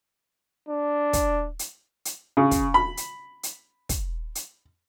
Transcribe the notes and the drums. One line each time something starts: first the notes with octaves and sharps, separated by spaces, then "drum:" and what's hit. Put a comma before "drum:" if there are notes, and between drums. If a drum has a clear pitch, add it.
D4
drum: kick, hi-hat
drum: hi-hat
drum: hi-hat
C#3
drum: kick, hi-hat
B5
drum: hi-hat
drum: hi-hat
drum: kick, hi-hat
drum: hi-hat